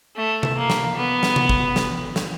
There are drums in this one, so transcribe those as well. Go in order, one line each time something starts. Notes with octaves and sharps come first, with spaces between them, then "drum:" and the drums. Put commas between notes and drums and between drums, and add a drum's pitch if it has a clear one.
A3
drum: tom C3
A#3
drum: snare
B3
drum: snare
drum: tom C3
drum: kick
drum: snare
drum: snare